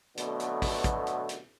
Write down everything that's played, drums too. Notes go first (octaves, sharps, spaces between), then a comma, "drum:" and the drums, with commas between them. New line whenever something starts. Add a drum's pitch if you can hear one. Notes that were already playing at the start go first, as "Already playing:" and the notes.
B2 D3 F#3 A3 B3, drum: hi-hat
drum: hi-hat
drum: kick, open hi-hat
drum: kick, hi-hat
drum: hi-hat
drum: hi-hat